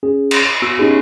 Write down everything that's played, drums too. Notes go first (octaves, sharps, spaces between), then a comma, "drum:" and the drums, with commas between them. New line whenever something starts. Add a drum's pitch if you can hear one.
C#4 G#4
drum: cymbal
B3 F#4 E6
B3 C#4 D#4 G4 G#4